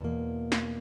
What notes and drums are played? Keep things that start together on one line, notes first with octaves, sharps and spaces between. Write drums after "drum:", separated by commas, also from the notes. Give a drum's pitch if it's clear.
E2 B2 A#3
drum: snare